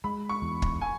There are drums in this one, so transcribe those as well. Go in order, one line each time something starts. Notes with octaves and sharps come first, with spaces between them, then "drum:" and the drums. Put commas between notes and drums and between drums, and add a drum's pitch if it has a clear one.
G#3 B5
C#6
E2
drum: kick
G#5